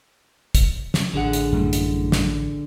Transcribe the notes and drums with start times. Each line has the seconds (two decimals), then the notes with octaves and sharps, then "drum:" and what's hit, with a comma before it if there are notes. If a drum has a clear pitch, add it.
0.55 drum: kick, hi-hat
0.94 drum: snare
1.14 A1 D3 G#4 F#5
1.33 drum: hi-hat
1.52 F#2 A2 G3
1.73 drum: hi-hat
2.12 drum: snare